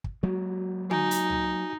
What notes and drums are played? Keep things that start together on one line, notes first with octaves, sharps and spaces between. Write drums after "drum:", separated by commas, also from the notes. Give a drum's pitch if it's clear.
drum: kick
F#3 G#3 A#3 F#4
D#4 F#4 G#5, drum: tom D3
drum: hi-hat
drum: tom C#2